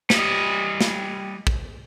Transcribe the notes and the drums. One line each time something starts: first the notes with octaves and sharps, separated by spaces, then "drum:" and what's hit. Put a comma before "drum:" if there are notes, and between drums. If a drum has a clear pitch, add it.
G3 D#5, drum: snare
drum: snare
drum: kick